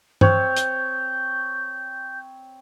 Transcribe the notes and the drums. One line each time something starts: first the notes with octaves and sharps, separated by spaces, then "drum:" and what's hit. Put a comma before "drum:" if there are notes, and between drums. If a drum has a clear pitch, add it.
C4 C5 C#5 G6, drum: tom G2
drum: hi-hat